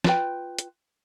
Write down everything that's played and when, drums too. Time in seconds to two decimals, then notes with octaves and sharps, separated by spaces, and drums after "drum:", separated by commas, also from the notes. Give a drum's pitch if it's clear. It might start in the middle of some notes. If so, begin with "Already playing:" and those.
0.04 F4 B4 G5, drum: snare
0.58 drum: hi-hat